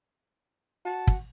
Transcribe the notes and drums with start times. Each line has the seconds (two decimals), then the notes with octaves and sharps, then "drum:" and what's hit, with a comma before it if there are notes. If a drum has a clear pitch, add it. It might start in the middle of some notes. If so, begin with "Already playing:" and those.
0.85 F#4 A5
1.07 drum: kick